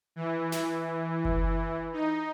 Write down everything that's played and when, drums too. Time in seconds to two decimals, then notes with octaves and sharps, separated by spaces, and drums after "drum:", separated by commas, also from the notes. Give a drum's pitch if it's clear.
0.16 E3
0.52 drum: snare
1.25 drum: kick F#1
1.93 D#4